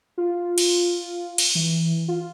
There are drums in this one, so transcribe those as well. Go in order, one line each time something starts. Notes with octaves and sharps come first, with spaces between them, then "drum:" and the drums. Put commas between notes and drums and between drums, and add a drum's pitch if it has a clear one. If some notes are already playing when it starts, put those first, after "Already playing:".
F4
drum: cymbal
drum: cymbal
E3
F4